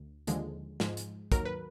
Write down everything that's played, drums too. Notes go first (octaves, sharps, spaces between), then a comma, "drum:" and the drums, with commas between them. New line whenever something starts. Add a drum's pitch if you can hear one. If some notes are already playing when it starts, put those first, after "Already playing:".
Already playing: D2
D#2 D3 F3 G#3, drum: hi-hat
G#2 F3 G#3, drum: snare
drum: hi-hat
D#2 D#3 F#3 A#4, drum: kick, hi-hat
B4